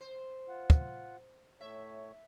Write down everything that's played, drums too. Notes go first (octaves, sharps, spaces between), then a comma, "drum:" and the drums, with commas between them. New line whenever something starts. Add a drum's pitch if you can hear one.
C5
F4 F#5
drum: kick
A2 A3 C#5 E5